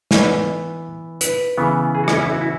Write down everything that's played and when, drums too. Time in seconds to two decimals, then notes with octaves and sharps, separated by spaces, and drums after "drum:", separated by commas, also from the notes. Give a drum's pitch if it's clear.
0.11 E3 B3 B4, drum: snare
1.21 B4, drum: hi-hat
1.58 C#3 E3 B3
1.95 G#4
2.04 F#4
2.08 E4, drum: rim click
2.13 C#4
2.22 E4
2.32 F#4
2.41 E4